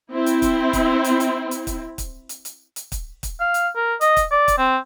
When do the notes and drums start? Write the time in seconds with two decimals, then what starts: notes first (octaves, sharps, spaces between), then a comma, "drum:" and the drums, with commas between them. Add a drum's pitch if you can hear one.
0.13 C4 E4
0.26 drum: hi-hat
0.42 drum: kick, hi-hat
0.73 drum: kick, hi-hat
1.04 drum: hi-hat
1.20 drum: hi-hat
1.51 drum: hi-hat
1.67 drum: kick, hi-hat
1.98 drum: kick, hi-hat
2.29 drum: hi-hat
2.45 drum: hi-hat
2.76 drum: hi-hat
2.92 drum: kick, hi-hat
3.23 drum: kick, hi-hat
3.40 F5
3.54 drum: hi-hat
3.76 A#4
4.01 D#5, drum: hi-hat
4.17 drum: kick, hi-hat
4.31 D5
4.48 drum: kick, hi-hat
4.58 C4